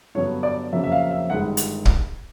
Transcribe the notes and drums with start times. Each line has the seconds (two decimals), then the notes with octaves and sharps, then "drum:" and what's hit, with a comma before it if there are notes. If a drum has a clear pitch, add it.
0.15 G2 D3 F#3 B3 C#5
0.43 D5
0.73 F2 C#3 F#3 A#3 E5
0.84 E5
0.92 F5
1.11 E5
1.30 G1 G2 D#3 G#3 F#5
1.57 drum: hi-hat
1.85 drum: kick